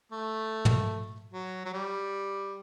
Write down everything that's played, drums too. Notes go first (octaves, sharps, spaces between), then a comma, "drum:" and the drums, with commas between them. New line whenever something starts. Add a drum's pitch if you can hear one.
A3
drum: tom
F#3
F#3
G3